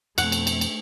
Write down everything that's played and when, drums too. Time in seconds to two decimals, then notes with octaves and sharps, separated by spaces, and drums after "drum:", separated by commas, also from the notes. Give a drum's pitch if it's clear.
0.18 F2 B2 A3 C4 F#5, drum: cymbal
0.32 drum: cymbal
0.47 drum: cymbal
0.61 drum: cymbal